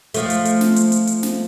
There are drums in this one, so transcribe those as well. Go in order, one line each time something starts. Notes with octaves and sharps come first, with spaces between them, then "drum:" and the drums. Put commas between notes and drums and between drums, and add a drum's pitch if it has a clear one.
F3 A3, drum: hi-hat
drum: hi-hat
drum: hi-hat
drum: snare
drum: hi-hat
drum: hi-hat
drum: hi-hat
drum: snare